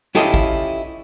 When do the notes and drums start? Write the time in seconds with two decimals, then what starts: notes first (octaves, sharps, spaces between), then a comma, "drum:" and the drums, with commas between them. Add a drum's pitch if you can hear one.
0.15 C#4 E4 F4 G4 A4 D#5, drum: snare
0.34 drum: kick